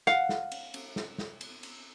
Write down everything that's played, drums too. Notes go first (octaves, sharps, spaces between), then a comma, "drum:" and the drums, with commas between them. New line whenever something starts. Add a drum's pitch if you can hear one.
F5 F#5, drum: snare
drum: snare
drum: cymbal
drum: cymbal
drum: snare
drum: snare
drum: cymbal
drum: cymbal